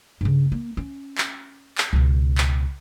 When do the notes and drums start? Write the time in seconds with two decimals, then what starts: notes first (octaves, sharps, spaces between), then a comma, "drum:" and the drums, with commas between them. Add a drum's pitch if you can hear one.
0.21 G2 C#3
0.52 A#3
0.77 C#4
1.18 drum: clap
1.78 drum: clap
1.93 C#2 B2
2.38 drum: clap